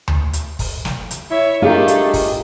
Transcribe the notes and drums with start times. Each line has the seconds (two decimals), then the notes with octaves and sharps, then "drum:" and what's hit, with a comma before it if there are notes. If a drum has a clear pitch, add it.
0.08 drum: tom D2
0.33 drum: hi-hat
0.59 drum: kick, open hi-hat
0.85 drum: snare
1.11 drum: hi-hat
1.31 E4 C#5 E5
1.62 G#3 A3 D4 F4 G4 A#4
1.88 drum: hi-hat
2.14 drum: kick, open hi-hat